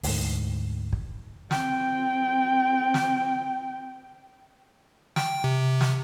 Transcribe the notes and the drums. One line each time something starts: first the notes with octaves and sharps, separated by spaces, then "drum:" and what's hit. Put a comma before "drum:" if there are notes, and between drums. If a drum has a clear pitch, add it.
D2 G#2, drum: open hi-hat
drum: kick
C4 G5, drum: snare
drum: snare
G5, drum: snare
C3
drum: snare